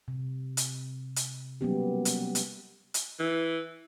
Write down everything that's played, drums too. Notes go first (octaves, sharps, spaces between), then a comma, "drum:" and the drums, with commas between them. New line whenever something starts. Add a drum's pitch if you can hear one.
C3
drum: hi-hat
drum: hi-hat
F#3 G3 A#3 B3 C#4 G4
drum: hi-hat
drum: hi-hat
drum: hi-hat
E3